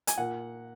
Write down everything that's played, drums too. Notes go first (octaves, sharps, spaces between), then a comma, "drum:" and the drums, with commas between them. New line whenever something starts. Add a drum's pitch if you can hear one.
G#5, drum: hi-hat
A#2 F#5